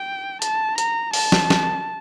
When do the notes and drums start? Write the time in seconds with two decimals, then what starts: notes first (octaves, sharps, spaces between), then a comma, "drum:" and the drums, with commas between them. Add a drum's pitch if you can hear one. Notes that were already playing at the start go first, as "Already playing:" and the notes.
Already playing: G5
0.42 A5, drum: hi-hat
0.78 A#5, drum: hi-hat
1.13 A5, drum: open hi-hat
1.32 drum: snare
1.50 drum: snare